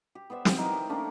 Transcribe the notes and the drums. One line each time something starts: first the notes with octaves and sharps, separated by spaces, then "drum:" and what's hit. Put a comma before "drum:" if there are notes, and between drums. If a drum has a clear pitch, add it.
G4
B3 C5 D5 E5
G4, drum: snare
D#3 E4 A#4
A3 A#3 C#4 D4